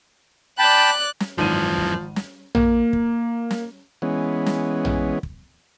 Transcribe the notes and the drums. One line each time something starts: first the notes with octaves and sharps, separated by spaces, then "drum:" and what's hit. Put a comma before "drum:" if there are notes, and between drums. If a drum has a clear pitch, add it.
D5 G5 A5 B5 F#6
drum: snare
G#1 F#2 E3 F3 D#7
drum: kick
drum: snare
A#3, drum: tom A#1
drum: kick
drum: snare
E3 G#3 B3 C#4
drum: snare
drum: tom A#1
drum: kick